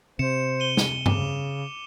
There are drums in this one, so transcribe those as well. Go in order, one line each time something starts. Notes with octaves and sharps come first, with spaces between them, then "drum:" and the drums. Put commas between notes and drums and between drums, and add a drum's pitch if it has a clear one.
C3 C5 C#7 E7
D#7 G7
drum: snare
C#3 D6 E7, drum: tom G2